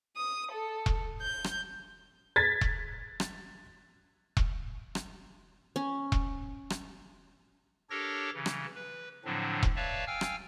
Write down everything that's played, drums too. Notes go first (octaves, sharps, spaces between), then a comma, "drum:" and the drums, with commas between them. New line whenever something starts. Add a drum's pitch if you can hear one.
D#6
A4
drum: kick E1
G6
drum: rim click
G#6 A6 B6
drum: kick E1
drum: rim click
drum: kick E1
drum: rim click
C#4
drum: kick E1
drum: rim click
D4 G4 A4 A#4 C#5 A#6
C#3 E3
drum: rim click
B4
A2 D3 F3 F#3 C4 D4
drum: kick E1
B4 C#5 D5 E5 F5 A5
F5 G5 G#5 E6 F6
drum: rim click